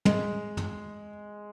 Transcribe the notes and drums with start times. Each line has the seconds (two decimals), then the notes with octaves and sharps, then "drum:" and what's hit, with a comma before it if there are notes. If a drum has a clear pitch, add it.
0.05 G#3, drum: tom
0.57 drum: tom